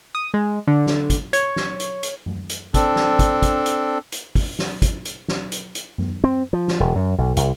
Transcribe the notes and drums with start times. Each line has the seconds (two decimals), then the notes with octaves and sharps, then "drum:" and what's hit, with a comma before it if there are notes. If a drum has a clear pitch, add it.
0.15 D#6
0.34 G#3
0.67 D3
0.87 drum: snare
1.10 drum: kick, hi-hat
1.33 C#5, drum: hi-hat
1.56 drum: snare
1.80 drum: hi-hat
2.03 drum: hi-hat
2.26 drum: tom F#2
2.49 drum: hi-hat
2.74 C4 D4 A4, drum: kick, hi-hat
2.96 drum: snare
3.19 drum: kick, hi-hat
3.42 drum: kick, hi-hat
3.66 drum: hi-hat
4.12 drum: hi-hat
4.35 drum: kick, open hi-hat
4.59 drum: snare
4.82 drum: kick, hi-hat
5.05 drum: hi-hat
5.28 drum: snare
5.52 drum: hi-hat
5.75 drum: hi-hat
5.98 drum: tom F#2
6.24 C4
6.53 F3
6.68 drum: snare
6.80 E1
6.96 F#2
7.18 B1
7.37 C2, drum: hi-hat